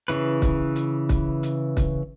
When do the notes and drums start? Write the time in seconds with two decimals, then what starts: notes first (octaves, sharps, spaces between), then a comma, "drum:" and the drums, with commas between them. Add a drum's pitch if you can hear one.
0.08 C#3 E3 B4, drum: hi-hat
0.42 drum: kick, hi-hat
0.76 drum: hi-hat
1.09 drum: kick, hi-hat
1.43 drum: hi-hat
1.77 drum: kick, hi-hat